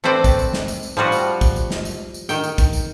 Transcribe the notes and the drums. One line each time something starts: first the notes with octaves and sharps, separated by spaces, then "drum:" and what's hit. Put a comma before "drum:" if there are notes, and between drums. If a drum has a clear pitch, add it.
A3 C4 B4 C5 D5
drum: kick, tambourine
drum: tambourine
drum: snare
drum: tambourine
drum: tambourine
F3 G3 F4 F#4
drum: tambourine
drum: kick, tambourine
drum: tambourine
drum: snare
drum: tambourine
drum: tambourine
D#3 G5, drum: tambourine
drum: tambourine
drum: kick, tambourine
drum: tambourine